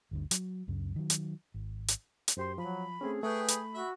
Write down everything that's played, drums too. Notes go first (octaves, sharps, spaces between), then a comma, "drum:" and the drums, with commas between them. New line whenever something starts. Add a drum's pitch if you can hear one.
G1 D2 G2
F#3, drum: hi-hat
C#2 F#2 C#3
D#3 F#3
drum: hi-hat
G#1
drum: hi-hat
drum: hi-hat
F#2 G4 C5 C6
F3 F#3 B5
A3 C4 C#4 G#4
A3 G#4 B4 G5 C#6
B5, drum: hi-hat
F#4 E5